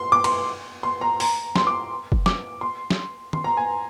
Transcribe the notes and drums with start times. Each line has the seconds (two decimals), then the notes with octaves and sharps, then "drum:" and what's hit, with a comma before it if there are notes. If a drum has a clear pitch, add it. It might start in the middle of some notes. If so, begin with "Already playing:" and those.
Already playing: C6
0.12 D6
0.24 C6, drum: cymbal
0.83 C6
1.01 A#5
1.20 A#5, drum: open hi-hat
1.56 C6, drum: snare
1.67 D6
2.12 drum: kick
2.26 D6, drum: snare
2.61 C6
2.90 drum: snare
3.33 C6, drum: tom D#3
3.44 A#5
3.57 G#5